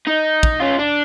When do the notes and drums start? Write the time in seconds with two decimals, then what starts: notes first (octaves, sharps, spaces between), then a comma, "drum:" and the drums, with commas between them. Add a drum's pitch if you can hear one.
0.07 D#4
0.43 drum: kick
0.60 C#4 F4
0.79 D4